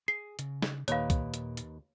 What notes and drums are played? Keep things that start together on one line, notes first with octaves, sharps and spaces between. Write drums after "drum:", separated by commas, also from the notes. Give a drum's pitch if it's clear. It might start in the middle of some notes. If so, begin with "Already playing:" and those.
G#4 C7
C#3, drum: hi-hat
drum: snare
D#2 A#2 A#3 D#4 B4 C#5 F5, drum: hi-hat
drum: kick, hi-hat
drum: hi-hat
drum: hi-hat